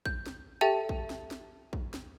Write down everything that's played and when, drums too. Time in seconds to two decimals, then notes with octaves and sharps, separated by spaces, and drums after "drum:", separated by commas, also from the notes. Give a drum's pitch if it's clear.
0.06 G6, drum: kick
0.26 drum: snare
0.61 G4 A4 E5 G5 A5 A6
0.89 drum: kick
1.10 drum: snare
1.31 drum: snare
1.73 drum: kick
1.94 drum: snare